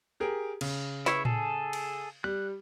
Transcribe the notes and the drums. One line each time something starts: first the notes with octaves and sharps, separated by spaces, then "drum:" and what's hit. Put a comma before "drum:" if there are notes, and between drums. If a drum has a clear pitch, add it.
G4 G#4 A#4
C#3, drum: cymbal
E4 C#5 E5, drum: snare
G#4 A4, drum: tom A2
drum: cymbal
G3 F#6